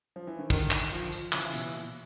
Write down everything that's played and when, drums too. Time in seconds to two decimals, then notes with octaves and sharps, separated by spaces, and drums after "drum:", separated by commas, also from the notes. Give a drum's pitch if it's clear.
0.16 F3
0.27 E3
0.39 D#3
0.50 D3 D#3, drum: kick
0.71 drum: clap
0.92 F3
1.12 drum: tambourine
1.32 C#3 E3, drum: clap
1.54 B2, drum: tambourine
1.75 A#2